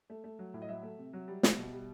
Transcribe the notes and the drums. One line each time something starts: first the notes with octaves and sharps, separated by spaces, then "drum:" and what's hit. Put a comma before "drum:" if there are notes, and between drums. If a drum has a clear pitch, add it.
A3
A3
F#3
A2
D#5
F#3 E5
A3
C3
F#3
G3
G3, drum: snare
B2
G3